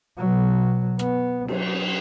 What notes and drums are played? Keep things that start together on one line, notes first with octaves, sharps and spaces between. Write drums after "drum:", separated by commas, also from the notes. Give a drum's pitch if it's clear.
B2 F#3
B3, drum: rim click
F#3, drum: cymbal